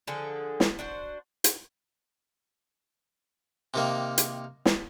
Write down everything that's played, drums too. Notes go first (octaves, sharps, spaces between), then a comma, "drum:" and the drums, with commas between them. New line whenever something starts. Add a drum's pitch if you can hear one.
D3 F3 G#4 A4
drum: snare
D4 F#4 C5
drum: hi-hat
C3 D#3 A#3
drum: hi-hat
drum: snare